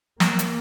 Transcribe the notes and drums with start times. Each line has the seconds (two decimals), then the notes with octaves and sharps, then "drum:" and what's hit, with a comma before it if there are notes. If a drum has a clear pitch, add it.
0.20 A#3, drum: snare
0.39 drum: hi-hat